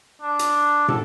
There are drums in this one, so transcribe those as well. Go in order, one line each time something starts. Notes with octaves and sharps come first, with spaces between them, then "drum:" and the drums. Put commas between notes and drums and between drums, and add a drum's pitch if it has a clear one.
D4
drum: hi-hat
A4, drum: tom